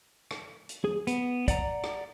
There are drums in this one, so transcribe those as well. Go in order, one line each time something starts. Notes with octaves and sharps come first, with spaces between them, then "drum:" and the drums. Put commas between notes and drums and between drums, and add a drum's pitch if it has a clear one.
drum: rim click
drum: hi-hat
G#4
B3, drum: hi-hat
D5 F#5 A#5, drum: kick, hi-hat
drum: rim click